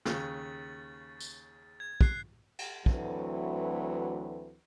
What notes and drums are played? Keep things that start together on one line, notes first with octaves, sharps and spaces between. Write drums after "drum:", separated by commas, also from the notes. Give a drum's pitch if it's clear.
D#2 C#3 A6, drum: snare
drum: tambourine
G#6
F#6 C7, drum: kick
drum: cymbal
D2 E3 F#3 A3 C4 B4, drum: kick